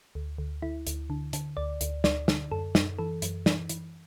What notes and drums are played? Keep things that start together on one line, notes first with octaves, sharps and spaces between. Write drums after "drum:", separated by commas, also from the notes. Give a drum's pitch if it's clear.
D2
D2
D2 E4
D2, drum: hi-hat
D3
D3, drum: hi-hat
D2 D5
D2, drum: hi-hat
D2 D5, drum: snare
D3, drum: snare
F#2 A4
F#2, drum: snare
E3 A4
F#2, drum: hi-hat
E3, drum: snare
E3, drum: hi-hat